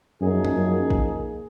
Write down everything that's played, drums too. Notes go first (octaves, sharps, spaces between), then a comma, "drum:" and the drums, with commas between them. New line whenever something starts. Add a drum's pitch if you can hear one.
F#2 F3 A#3 D#4 G#4
drum: tom
F#2
drum: kick A1